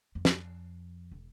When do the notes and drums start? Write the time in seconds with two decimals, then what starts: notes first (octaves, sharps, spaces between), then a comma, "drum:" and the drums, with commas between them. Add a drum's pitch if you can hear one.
0.15 F2
0.25 drum: snare
1.12 E1